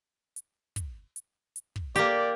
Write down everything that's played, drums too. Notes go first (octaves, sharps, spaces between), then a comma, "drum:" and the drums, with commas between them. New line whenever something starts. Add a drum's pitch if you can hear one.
drum: hi-hat
drum: kick, hi-hat
drum: hi-hat
drum: hi-hat
drum: kick
A#3 G4 D5, drum: hi-hat